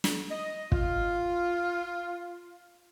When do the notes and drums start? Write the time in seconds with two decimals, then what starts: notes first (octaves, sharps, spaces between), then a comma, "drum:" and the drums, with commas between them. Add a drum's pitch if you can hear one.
0.04 drum: snare
0.31 D#5
0.72 F4, drum: kick